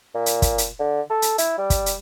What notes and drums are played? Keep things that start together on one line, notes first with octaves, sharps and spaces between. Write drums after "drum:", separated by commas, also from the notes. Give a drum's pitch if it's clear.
A#2
drum: hi-hat
drum: kick, hi-hat
drum: hi-hat
D3
A4
drum: hi-hat
E4, drum: hi-hat
G3
drum: kick, hi-hat
drum: hi-hat